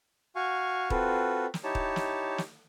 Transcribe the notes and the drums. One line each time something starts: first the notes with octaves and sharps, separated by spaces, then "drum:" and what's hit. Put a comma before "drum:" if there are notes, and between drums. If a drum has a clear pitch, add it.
F#4 F5 G#5 C#6
C4 F4 F#4 A4 B4, drum: kick
drum: snare
D#4 E4 G4 C#5 A5
drum: kick
drum: snare
drum: snare